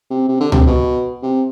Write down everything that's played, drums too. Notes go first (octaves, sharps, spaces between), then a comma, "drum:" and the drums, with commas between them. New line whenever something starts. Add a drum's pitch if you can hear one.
C3
C3
D3
C3, drum: tom C#2
B2
C3